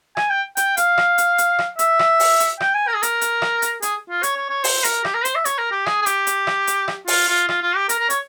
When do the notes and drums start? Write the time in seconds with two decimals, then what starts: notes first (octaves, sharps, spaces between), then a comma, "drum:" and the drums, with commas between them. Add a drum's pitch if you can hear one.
0.17 G#5, drum: rim click
0.30 G5
0.57 G5, drum: hi-hat
0.77 F5, drum: hi-hat
0.98 drum: rim click
1.18 drum: hi-hat
1.38 drum: hi-hat
1.59 drum: rim click
1.79 E5, drum: hi-hat
1.99 drum: rim click
2.20 drum: open hi-hat
2.40 drum: hi-hat
2.60 G5, drum: rim click
2.74 G#5
2.88 A#4
2.95 G#4
3.03 A#4, drum: hi-hat
3.21 drum: hi-hat
3.42 drum: rim click
3.62 drum: hi-hat
3.82 G#4, drum: hi-hat
4.10 F4
4.23 C#5, drum: hi-hat
4.37 C#5
4.50 C#5
4.64 C5, drum: open hi-hat
4.84 A#4, drum: hi-hat
5.05 G4, drum: rim click
5.15 A#4
5.25 C5, drum: hi-hat
5.36 E5
5.45 C#5, drum: hi-hat
5.59 A#4
5.72 G4
5.86 G#4, drum: rim click
6.02 G#4
6.06 G4, drum: hi-hat
6.27 drum: hi-hat
6.47 drum: rim click
6.67 drum: hi-hat
6.88 drum: rim click
7.08 F4, drum: open hi-hat
7.28 F4
7.49 F4, drum: rim click
7.62 F4
7.76 G4
7.89 A#4, drum: hi-hat
8.00 A#4
8.10 C#5, drum: hi-hat